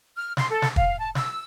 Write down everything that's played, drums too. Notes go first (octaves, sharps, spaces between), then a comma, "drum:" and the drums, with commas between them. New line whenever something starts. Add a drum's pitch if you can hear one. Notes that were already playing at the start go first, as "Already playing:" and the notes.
F6
C6, drum: snare
A4
drum: snare
F5, drum: kick
A5
E6, drum: snare